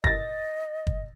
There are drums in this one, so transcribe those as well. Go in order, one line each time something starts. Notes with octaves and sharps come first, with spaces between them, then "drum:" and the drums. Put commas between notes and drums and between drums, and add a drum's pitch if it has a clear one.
D#5 A6 A#6, drum: kick
drum: kick